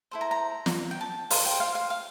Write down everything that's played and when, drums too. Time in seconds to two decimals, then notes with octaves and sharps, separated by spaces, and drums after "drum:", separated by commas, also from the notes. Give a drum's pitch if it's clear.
0.11 E4 A4 C5
0.21 A#5
0.31 A#5
0.66 drum: snare
0.91 G5
1.01 A5
1.30 F4 C5 F5, drum: open hi-hat
1.45 G5
1.60 F5
1.75 F5
1.90 F5